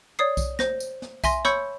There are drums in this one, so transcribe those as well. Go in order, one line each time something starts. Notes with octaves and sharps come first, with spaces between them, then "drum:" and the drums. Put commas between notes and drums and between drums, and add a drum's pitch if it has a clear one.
C#5 D5 D#6 C7
drum: kick B1, tambourine
C5 A#6, drum: snare
drum: tambourine
drum: snare
E5 G#5 C6 A#6, drum: kick B1, tambourine
C#5 B5 C#6 E6 G6 C#7, drum: snare